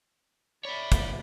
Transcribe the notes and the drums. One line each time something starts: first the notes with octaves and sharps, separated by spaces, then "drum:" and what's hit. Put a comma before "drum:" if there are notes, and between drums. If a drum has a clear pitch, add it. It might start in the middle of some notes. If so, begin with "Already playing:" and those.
C#5 D5 E5 B5
drum: kick, hi-hat